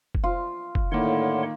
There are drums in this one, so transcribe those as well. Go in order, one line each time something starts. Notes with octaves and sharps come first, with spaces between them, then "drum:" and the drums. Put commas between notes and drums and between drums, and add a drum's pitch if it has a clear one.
drum: kick
F4
drum: kick
A2 D3 D#3 A#3 E4 C#5 F#5 C6